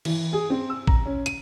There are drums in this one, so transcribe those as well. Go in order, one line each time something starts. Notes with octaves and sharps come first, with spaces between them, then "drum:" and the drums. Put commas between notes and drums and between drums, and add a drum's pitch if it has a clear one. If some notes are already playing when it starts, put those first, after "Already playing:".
E3, drum: cymbal
G#4
C4
E6
A#5, drum: kick
C#4
D#7, drum: hi-hat